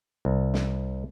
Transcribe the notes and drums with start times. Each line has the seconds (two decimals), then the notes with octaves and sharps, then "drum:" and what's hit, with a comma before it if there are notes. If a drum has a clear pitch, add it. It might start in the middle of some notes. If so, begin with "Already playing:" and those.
0.25 C2
0.54 drum: snare